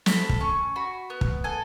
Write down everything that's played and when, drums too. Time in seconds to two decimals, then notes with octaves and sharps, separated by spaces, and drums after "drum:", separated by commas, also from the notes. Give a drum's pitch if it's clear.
0.06 A4 B5, drum: snare
0.29 drum: kick
0.40 C#4 C#6
0.76 F#4 B5
1.10 B3
1.21 drum: kick
1.44 A4 G#5